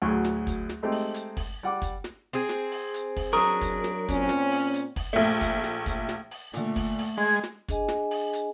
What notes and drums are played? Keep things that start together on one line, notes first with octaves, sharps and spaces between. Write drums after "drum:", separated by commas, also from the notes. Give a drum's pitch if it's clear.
D2 A2 F#3 G#4 C#6
drum: snare
drum: kick, hi-hat
drum: snare
G#3 A3 C4 D#4 G4
drum: open hi-hat
drum: hi-hat
drum: kick, open hi-hat
G3 F#5 D6
drum: kick, hi-hat
drum: snare
C4 G#4
drum: snare
drum: open hi-hat
drum: hi-hat
drum: kick, open hi-hat
F#3 D4 A#4 A#5 C#6 D#6
drum: kick, hi-hat
drum: snare
A#2 C4 C#4, drum: kick, hi-hat
drum: snare
drum: open hi-hat
drum: hi-hat
drum: kick, open hi-hat
A#1 A3
drum: kick, hi-hat
drum: snare
drum: kick, hi-hat
drum: snare
drum: open hi-hat
A#2 D3 A3, drum: hi-hat
drum: kick, open hi-hat
drum: open hi-hat
G#3 D#5 G#6
drum: snare
D4 G#4 D#5 G#5, drum: kick, hi-hat
drum: snare
drum: open hi-hat
drum: hi-hat